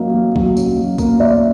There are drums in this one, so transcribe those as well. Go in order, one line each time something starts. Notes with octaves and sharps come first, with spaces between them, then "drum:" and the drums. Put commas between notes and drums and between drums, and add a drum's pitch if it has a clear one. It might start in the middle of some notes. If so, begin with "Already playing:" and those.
Already playing: F#3 A#3 C#4 D#5 F5
F#3
F#3, drum: kick
C#4, drum: tambourine
F#3
A#3, drum: kick, tambourine
C#4 D5 E5